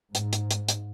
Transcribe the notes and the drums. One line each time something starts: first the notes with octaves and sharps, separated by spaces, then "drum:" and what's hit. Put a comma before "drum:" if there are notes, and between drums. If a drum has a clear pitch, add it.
G#2, drum: hi-hat
drum: hi-hat
drum: hi-hat
drum: hi-hat